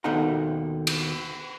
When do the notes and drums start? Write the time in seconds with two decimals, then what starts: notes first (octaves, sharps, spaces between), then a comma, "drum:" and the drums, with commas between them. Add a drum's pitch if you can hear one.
0.04 D#2 B2 D#4 A4 F#5 A#5
0.87 drum: cymbal